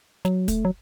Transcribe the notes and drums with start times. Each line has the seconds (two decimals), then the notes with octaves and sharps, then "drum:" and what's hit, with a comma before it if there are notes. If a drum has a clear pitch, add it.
0.25 F#3, drum: snare
0.48 A3, drum: kick, hi-hat
0.65 F#3